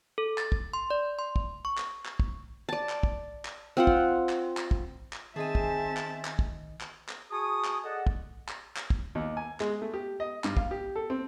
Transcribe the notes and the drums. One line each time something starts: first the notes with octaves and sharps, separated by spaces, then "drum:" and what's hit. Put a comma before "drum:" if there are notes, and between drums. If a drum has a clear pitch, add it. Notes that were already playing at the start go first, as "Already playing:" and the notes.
A4
A6, drum: clap
drum: kick
C6
D5
C6
drum: kick
C#6
drum: clap
drum: clap
drum: kick
D5 A5
drum: clap
drum: kick
drum: clap
C4 F4 F#5
drum: kick
drum: clap
drum: clap
drum: kick
drum: clap
D#3 C4 G#4 D#5 E5 G#5 A5
drum: kick
drum: clap
drum: clap
drum: kick
drum: clap
drum: clap
F#4 G#4 G#5 A5 C#6 D#6
drum: clap
G#4 A4 D5 D#5 F#5
drum: kick
drum: clap
drum: clap
drum: kick
D#2
G#5
G#3, drum: clap
A3
G4
D#5
G2, drum: clap
F5, drum: kick
G4
A4
C4